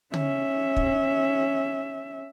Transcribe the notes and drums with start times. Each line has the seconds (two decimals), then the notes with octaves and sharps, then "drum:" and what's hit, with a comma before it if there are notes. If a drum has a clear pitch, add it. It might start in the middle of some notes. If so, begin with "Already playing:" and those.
0.14 C#4 E5, drum: tom
0.76 drum: kick